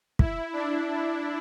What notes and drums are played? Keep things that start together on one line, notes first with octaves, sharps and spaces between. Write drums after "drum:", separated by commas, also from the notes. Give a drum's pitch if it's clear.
E4, drum: kick
D4